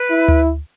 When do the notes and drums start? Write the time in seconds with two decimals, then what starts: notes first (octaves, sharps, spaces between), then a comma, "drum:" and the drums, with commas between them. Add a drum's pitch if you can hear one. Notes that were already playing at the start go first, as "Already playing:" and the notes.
Already playing: B4
0.10 E4
0.28 drum: tom D2